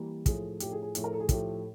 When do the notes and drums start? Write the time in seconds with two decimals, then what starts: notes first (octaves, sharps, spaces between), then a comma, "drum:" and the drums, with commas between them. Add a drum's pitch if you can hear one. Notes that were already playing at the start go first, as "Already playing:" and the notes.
Already playing: E3 G3 A#3
0.26 A2 F3 A3 G#4, drum: kick, hi-hat
0.60 A2 F3 A3 G4, drum: hi-hat
0.72 G#4
0.83 G#4
0.95 A2 F3 A3, drum: hi-hat
1.04 A#4
1.13 A4
1.20 G#4
1.29 A2 F3 A3 G4, drum: kick, hi-hat